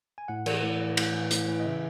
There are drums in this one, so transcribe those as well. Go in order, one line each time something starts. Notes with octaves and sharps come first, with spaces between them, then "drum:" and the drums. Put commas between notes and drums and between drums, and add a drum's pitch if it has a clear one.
G#5
A2 F#5
E3, drum: cymbal
A2
E3
A2, drum: cymbal
E3
A2, drum: hi-hat
E3
D#5
C#3 E5